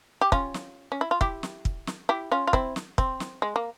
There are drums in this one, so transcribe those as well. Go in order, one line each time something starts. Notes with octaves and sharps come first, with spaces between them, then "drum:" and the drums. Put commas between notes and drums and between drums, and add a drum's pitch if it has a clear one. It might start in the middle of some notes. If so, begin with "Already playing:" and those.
G4
C#4 F4, drum: kick
drum: snare
C#4
E4
F4
E4 G4, drum: kick
drum: snare
drum: kick
drum: snare
E4 G4
C#4 F4
F4
C4 E4, drum: kick
drum: snare
C4, drum: kick
drum: snare
G#3
A#3